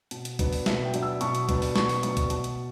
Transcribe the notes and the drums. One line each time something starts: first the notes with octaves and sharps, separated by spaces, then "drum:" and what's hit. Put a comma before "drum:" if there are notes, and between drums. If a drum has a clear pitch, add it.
B2, drum: hi-hat
drum: hi-hat
F#3 B3 D4, drum: kick B1, hi-hat
drum: open hi-hat
B2 E5, drum: snare
G5
F#3 B3 D4, drum: hi-hat
E6
B2 C#6, drum: hi-hat
drum: hi-hat
F#3 B3 D4, drum: kick B1, hi-hat
drum: open hi-hat
B2 C#6, drum: snare
drum: open hi-hat
F#3 B3 D4 C#6, drum: hi-hat
drum: kick B1, hi-hat
B2, drum: hi-hat
drum: hi-hat